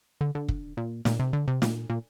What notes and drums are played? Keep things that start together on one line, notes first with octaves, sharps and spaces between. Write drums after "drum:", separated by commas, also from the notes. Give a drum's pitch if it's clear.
D3
D3
drum: kick
A#2
A#2, drum: snare
C3
D3
C3
A#2, drum: snare
A#2